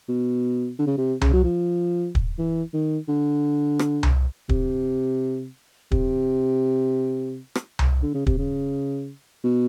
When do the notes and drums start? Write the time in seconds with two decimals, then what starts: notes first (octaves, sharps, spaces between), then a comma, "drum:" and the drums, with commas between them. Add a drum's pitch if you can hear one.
0.09 B2
0.79 D3
0.87 C#3
0.98 C3
1.21 C#3, drum: tom C2
1.34 F#3
1.44 F3
2.15 drum: kick
2.39 E3
2.74 D#3
3.08 D3
3.79 drum: rim click
4.03 drum: tom C2
4.49 C3, drum: kick
5.91 C3, drum: kick
7.55 drum: rim click
7.79 drum: tom C2
8.03 D3
8.15 C#3
8.27 C3, drum: kick
8.38 C#3
9.44 B2